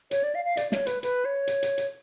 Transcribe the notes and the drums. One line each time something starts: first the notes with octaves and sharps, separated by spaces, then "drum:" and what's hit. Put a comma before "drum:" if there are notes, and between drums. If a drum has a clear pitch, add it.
C#5, drum: hi-hat
D5
F5
F5
D5, drum: hi-hat
C#5, drum: snare
B4, drum: hi-hat
B4, drum: hi-hat
C#5
drum: hi-hat
drum: hi-hat
drum: hi-hat